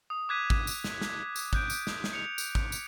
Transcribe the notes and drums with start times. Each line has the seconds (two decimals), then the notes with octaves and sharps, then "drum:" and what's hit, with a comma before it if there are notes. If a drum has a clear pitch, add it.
0.10 D#6
0.29 D6 F#6 G#6 B6 D#7
0.50 drum: kick
0.67 drum: tambourine
0.84 drum: snare
1.01 drum: snare
1.36 drum: tambourine
1.53 F#6 G6 D7, drum: kick
1.70 drum: tambourine
1.87 drum: snare
2.04 drum: snare
2.13 C#7 F7
2.38 drum: tambourine
2.55 drum: kick
2.72 drum: tambourine